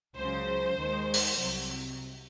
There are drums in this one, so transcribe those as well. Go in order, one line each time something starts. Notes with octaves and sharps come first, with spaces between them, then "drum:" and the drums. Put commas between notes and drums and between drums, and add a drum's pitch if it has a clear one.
C#2 C#3 F#3 C5
D#2 D#3 G#3
drum: open hi-hat
C2 C3 F#3